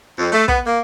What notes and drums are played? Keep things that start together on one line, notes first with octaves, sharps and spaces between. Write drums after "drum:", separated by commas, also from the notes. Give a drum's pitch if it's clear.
F2
A3
B3, drum: kick
A#3